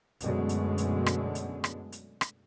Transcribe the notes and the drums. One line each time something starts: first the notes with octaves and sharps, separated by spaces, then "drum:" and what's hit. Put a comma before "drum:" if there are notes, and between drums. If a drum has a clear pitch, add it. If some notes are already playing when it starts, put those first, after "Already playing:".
F#2 B2 D3 G#3 A3, drum: hi-hat
drum: hi-hat
drum: hi-hat
drum: rim click
drum: hi-hat
drum: rim click
drum: hi-hat
drum: rim click